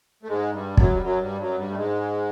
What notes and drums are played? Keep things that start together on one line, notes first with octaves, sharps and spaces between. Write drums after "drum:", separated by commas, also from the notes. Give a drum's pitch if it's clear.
A3
G#2 G#3
G2 G3
F#2 F#3, drum: kick
G3
F#2 F#3
G2 G3
F#2 F#3
G2 G3
A3
G#2 G#3